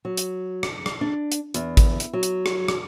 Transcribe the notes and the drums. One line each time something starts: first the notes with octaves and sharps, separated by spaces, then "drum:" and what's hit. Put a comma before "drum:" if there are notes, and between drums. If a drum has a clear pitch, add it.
F#3
drum: hi-hat
drum: rim click
drum: rim click
D4
drum: hi-hat
E2, drum: hi-hat
drum: kick G#1, hi-hat
drum: hi-hat
F#3
drum: hi-hat
drum: rim click
drum: rim click